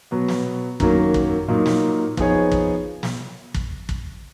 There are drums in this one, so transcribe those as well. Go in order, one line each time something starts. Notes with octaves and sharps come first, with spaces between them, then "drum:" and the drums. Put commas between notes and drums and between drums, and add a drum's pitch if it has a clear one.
B2 F#3 B3
drum: snare
F#2 D#3 F#3 A#3, drum: kick
drum: kick
A#2 F#3 A#3 D#4
drum: snare
F3 B3 D#4 G#4 C#5, drum: kick
drum: kick
drum: snare
drum: kick
drum: kick